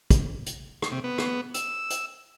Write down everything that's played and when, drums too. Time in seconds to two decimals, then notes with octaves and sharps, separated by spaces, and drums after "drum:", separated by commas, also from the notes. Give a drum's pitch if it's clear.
0.11 drum: kick, hi-hat
0.46 drum: hi-hat
0.82 drum: rim click
0.92 C3
1.04 B3
1.18 drum: rim click
1.54 E6, drum: hi-hat
1.90 drum: hi-hat